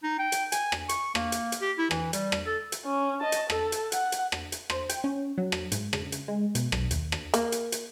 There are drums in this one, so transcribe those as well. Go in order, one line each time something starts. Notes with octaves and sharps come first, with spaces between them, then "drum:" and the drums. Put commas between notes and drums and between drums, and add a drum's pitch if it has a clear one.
D#4
G5
drum: hi-hat
G#5, drum: hi-hat
drum: rim click
C#6, drum: hi-hat
A#3, drum: rim click
drum: hi-hat
drum: hi-hat
G4
E4
E3, drum: rim click
G3, drum: hi-hat
drum: rim click
A4
drum: hi-hat
C#4
D#5 A5
drum: hi-hat
A4, drum: rim click
drum: hi-hat
F#5, drum: hi-hat
drum: hi-hat
drum: rim click
drum: hi-hat
C5, drum: rim click
G5, drum: hi-hat
C#4
F#3
drum: rim click
G#2, drum: hi-hat
C#3, drum: rim click
drum: hi-hat
G#3
B2, drum: hi-hat
B1, drum: rim click
D#2, drum: hi-hat
drum: rim click
A#3, drum: hi-hat
drum: hi-hat
drum: hi-hat